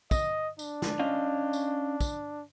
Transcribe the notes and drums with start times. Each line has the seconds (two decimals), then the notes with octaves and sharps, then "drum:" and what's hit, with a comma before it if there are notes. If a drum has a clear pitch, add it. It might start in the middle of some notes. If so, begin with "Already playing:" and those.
0.11 D#5, drum: kick, tambourine
0.59 D4, drum: tambourine
0.82 drum: snare
0.99 C#4 D#5 F5
1.53 drum: tambourine
2.00 drum: kick, tambourine